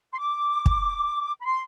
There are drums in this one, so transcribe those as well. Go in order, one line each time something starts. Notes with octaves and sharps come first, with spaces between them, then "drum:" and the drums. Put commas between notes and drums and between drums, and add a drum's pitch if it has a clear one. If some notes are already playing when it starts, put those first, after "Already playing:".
C6
D6
drum: kick
B5
C6